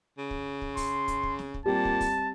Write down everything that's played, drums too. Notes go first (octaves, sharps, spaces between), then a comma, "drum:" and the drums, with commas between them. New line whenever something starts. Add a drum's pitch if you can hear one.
C#3
drum: kick
drum: kick
C6, drum: kick, open hi-hat
drum: kick, hi-hat
drum: kick
drum: snare
drum: kick
A#2 G3 C4 A5
drum: kick
drum: kick, open hi-hat